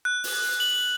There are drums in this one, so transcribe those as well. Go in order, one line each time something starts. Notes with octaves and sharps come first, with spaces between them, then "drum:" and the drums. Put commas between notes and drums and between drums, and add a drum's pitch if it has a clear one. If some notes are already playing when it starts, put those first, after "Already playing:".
F#6
drum: open hi-hat
F#7